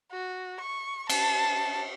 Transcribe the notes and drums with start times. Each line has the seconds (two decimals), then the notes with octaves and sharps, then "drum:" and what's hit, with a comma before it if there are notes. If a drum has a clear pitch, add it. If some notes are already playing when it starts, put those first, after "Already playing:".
0.11 F#4
0.60 C#6
1.09 A5, drum: cymbal